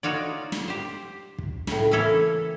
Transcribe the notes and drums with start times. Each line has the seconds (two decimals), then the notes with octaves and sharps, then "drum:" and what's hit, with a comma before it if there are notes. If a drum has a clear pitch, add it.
0.03 D#4 F4 F#4 C#5 D5
0.52 drum: snare
0.68 G4 C5
1.38 drum: kick
1.67 A2 C#3, drum: snare
1.91 E3 A#3 C#4 E4 A4 C#5